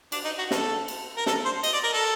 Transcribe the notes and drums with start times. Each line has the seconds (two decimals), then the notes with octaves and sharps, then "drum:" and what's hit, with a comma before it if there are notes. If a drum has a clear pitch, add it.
0.12 D4, drum: cymbal
0.25 D#4
0.38 F#4
0.51 A4, drum: snare
0.88 drum: cymbal
1.16 A#4
1.26 A4, drum: snare
1.45 C5
1.63 D#5, drum: cymbal
1.73 D5
1.83 A#4
1.93 A4